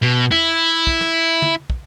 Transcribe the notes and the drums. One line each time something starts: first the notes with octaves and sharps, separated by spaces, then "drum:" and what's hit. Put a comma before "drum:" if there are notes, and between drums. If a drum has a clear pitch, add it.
B2
E4, drum: tom
drum: kick
drum: snare
drum: tom
drum: kick